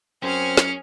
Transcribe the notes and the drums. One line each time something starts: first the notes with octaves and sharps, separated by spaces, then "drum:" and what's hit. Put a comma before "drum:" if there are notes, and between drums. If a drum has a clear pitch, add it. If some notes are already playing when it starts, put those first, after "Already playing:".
F#2 C4 C#4 G#4 C5 F6
drum: snare